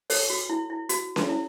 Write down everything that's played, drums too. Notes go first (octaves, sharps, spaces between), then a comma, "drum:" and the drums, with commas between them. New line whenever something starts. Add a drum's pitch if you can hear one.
A4 C#5, drum: open hi-hat
F#4
E4
E4
F#4, drum: hi-hat
drum: snare C#4
E4